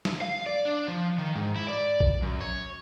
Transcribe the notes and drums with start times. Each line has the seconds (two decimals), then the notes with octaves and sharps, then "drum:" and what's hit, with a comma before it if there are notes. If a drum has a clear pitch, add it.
0.05 drum: snare
0.21 F5
0.46 D5
0.65 D4
0.88 F3
1.18 D#3
1.36 G#2
1.56 E4
1.68 D5
2.00 drum: kick A#1
2.22 F#2
2.40 C#5